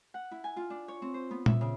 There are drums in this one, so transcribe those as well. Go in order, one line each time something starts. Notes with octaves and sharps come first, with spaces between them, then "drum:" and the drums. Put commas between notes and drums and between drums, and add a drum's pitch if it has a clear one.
F#5
E4
G#5
F4
D4
C#5
C4
C5
B3
E5, drum: tom A#2
C#3